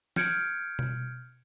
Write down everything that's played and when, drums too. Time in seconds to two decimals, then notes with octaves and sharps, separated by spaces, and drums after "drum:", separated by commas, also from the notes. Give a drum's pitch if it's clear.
0.16 F6 G6 G#6 C#7 D7, drum: snare
0.79 drum: tom B2